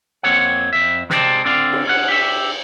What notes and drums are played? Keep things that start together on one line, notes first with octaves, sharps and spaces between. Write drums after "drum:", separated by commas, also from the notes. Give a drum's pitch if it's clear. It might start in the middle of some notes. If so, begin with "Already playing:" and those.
F2 A#3 C4 C#5 F#5
F2 E5
C3 G#3 C4 C#4 D5 A5, drum: snare
D3 C4 D5 F5
drum: cymbal
C#4 F#5
G4 E5